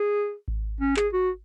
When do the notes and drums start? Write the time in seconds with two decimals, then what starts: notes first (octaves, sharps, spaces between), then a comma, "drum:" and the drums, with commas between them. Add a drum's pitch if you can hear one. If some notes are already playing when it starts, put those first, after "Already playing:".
Already playing: G#4
0.48 drum: kick G#1
0.81 C#4
0.97 G#4, drum: clap
1.13 F#4